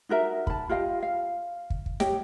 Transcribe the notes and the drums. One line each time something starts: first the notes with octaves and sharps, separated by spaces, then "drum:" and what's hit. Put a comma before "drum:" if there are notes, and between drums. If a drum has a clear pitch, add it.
D#4 F#4 A#4 E5
A5 B5, drum: kick
F4 G4 D#5 F5
F5
drum: kick
drum: kick
G4 C#5 D#5 G5, drum: snare